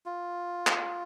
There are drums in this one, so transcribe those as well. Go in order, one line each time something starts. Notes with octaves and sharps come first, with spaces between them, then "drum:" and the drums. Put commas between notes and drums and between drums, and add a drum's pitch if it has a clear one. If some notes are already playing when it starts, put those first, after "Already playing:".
F4
drum: clap